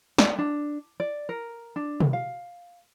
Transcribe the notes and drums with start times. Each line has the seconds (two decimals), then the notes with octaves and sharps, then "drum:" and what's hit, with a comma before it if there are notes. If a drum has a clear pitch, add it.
0.18 D5, drum: snare
0.38 D4
1.00 D5
1.29 A#4
1.76 D4
2.00 drum: tom
2.13 F5